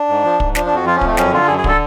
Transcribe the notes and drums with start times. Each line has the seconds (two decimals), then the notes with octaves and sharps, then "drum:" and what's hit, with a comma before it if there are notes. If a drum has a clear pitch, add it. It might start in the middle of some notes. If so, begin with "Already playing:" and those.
Already playing: D4
0.09 G#2
0.24 F3
0.40 G#2, drum: kick
0.55 F3 D4, drum: snare
0.66 D4
0.71 F2 F#4
0.87 F3 F4
0.96 C#4
1.01 F2, drum: kick
1.07 A3
1.17 F#2 C#4, drum: snare
1.32 D3 F4
1.48 F#2 G#4
1.58 G#4
1.64 D3 A4, drum: kick